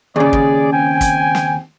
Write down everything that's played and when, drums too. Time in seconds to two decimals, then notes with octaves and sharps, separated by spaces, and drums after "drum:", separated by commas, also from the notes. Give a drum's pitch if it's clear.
0.16 D#2 C#3 G#4 D5
0.33 drum: kick
0.72 C4 G5 G#5
1.01 drum: kick, hi-hat
1.35 drum: snare